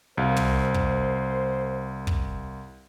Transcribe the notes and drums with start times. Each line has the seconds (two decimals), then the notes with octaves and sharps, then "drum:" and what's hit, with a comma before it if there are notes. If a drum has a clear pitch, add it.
0.17 C2 A#4 C5 F5
0.36 drum: tom
0.74 drum: kick
2.07 drum: kick